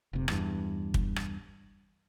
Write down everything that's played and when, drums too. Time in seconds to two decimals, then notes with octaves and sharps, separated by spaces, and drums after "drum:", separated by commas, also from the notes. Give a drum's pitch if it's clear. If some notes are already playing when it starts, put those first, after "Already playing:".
0.13 F1 C3
0.28 E2 G2, drum: rim click
0.94 drum: kick
1.16 drum: rim click